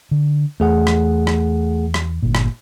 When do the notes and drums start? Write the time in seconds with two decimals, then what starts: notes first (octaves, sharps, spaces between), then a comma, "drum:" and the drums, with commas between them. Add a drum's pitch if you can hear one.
0.11 D3
0.60 E2 A3 G#4 F#5
0.87 drum: rim click
1.27 drum: rim click
1.94 drum: rim click
2.23 G1 A#2
2.35 drum: rim click